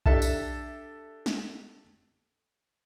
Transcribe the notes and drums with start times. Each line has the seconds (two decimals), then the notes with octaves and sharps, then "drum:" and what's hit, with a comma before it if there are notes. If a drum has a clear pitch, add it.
0.06 D4 G4 A4 E5 A5, drum: kick B1
0.22 drum: tambourine
1.26 drum: snare